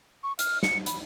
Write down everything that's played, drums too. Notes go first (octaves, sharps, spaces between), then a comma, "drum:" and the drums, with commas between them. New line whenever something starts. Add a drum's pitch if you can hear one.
C#6
F6, drum: hi-hat
C#7, drum: snare
B5, drum: hi-hat